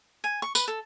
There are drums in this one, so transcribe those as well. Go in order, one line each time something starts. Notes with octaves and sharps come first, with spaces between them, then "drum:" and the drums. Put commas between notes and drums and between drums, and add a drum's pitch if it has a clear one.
G#5
C#6
B4, drum: tambourine
A4